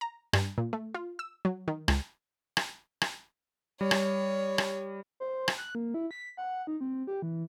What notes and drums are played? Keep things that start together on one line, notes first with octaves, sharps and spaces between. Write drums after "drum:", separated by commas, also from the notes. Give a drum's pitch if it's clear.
A#5
G2, drum: rim click
A#2
A3
F4
E6
F#3
D#3
C#2, drum: rim click
drum: rim click
drum: rim click
G3 C#5
drum: rim click
drum: rim click
C5
drum: rim click
F#6
A#3
E4
B6
F#5
D#4
C4
G4
E3